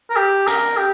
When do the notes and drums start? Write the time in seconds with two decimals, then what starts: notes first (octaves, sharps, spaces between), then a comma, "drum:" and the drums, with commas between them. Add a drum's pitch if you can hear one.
0.11 A#4
0.17 G4
0.47 A#4, drum: hi-hat
0.77 G4